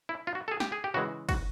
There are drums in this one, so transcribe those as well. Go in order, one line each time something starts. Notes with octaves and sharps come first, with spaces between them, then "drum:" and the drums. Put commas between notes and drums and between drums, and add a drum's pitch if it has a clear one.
E4
F4
F#4
A4
G#4
G4, drum: snare
G#4
G4
C#3 E3 G#3 F#4
F#4, drum: kick, cymbal